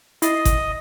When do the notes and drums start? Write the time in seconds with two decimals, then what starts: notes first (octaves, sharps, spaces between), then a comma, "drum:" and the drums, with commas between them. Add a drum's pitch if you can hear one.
0.22 E4 D#5 A6 C7, drum: hi-hat
0.45 drum: kick G1, hi-hat